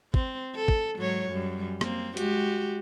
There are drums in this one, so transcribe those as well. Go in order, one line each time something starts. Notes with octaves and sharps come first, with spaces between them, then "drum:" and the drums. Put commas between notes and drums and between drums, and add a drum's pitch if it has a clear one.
C4, drum: kick
A4
drum: kick
G#2 F#3 C#5
F#2 G3
A#3 C4, drum: rim click
G#3 F#4 G4, drum: hi-hat